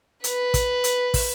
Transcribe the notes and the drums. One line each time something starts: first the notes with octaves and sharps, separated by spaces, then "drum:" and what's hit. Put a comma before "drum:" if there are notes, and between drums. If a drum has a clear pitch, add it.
B4, drum: hi-hat
drum: kick, hi-hat
drum: hi-hat
drum: kick, open hi-hat